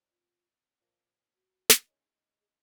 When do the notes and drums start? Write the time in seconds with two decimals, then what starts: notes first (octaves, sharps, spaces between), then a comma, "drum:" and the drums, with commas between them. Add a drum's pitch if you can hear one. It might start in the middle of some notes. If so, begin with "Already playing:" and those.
Already playing: A#2 G3 C4 D#4
0.10 F4
0.80 A#2 F3 A#3
1.34 F#4
1.70 drum: snare
1.87 D#3 G#3 C#4 E4
2.40 G#4